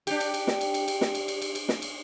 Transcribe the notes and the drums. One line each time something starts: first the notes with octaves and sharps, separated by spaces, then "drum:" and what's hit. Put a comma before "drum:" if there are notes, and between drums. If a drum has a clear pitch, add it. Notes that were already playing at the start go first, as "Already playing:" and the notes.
D4 G4, drum: cymbal
drum: cymbal
drum: cymbal
drum: snare
drum: cymbal
drum: cymbal
drum: cymbal
drum: snare
drum: cymbal
drum: cymbal
drum: cymbal
drum: cymbal
drum: snare
drum: cymbal